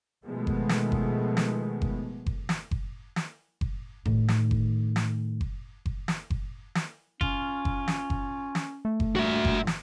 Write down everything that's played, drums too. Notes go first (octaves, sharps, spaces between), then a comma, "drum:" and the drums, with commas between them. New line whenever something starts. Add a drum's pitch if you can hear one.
B2 D#3 F3 G#3 A3 B3
drum: kick F#1
drum: snare
drum: kick F#1
drum: snare
drum: kick F#1
drum: kick F#1
drum: snare
drum: kick F#1
drum: snare
drum: kick F#1
A2 D#3, drum: kick F#1
drum: snare
drum: kick F#1
drum: snare
drum: kick F#1
drum: kick F#1
drum: snare
drum: kick F#1
drum: snare
C#4 F4, drum: kick F#1
drum: kick F#1
drum: snare
drum: kick F#1
drum: snare
A3
drum: kick F#1
G2 A#2 F#4 E5
drum: kick F#1
drum: snare